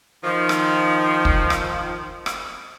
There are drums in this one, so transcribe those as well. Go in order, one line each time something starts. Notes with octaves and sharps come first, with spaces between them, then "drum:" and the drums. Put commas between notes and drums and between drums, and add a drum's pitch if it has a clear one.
D#3 F3
drum: rim click
drum: kick
drum: rim click
drum: rim click